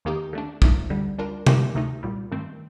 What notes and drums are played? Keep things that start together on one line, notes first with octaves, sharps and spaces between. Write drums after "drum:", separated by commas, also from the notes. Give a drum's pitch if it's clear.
D#2 D#3 A#3 D#4 G4
D3 A3 D4
C2 A#2 F3 A3 D#4, drum: kick
D2 D3 G3
G3 D4 F4 A#4
D3 A3 D#4 G4 A#4, drum: tom C3
D2 C3 D#3 A3 D#4
C2 A#2 G3
G2 D#3 A3 C4